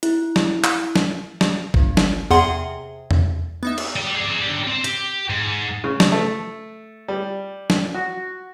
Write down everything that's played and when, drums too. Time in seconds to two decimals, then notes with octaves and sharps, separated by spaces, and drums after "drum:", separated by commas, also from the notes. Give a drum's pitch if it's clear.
0.03 E4, drum: hi-hat
0.36 drum: snare
0.64 drum: clap
0.96 drum: snare
1.41 drum: snare
1.74 G1, drum: kick
1.97 drum: snare
2.31 E2 C3 G#4 F#5 C6
3.11 drum: tom E2
3.63 B3 D#4 E5
3.78 drum: cymbal
3.96 D5 G5
4.16 G#4 D5
4.42 D3 G4
4.68 C4
4.84 G4, drum: hi-hat
5.30 G#2
5.84 C#3
6.00 drum: snare
6.12 A3
7.08 G3
7.70 drum: snare
7.94 F#4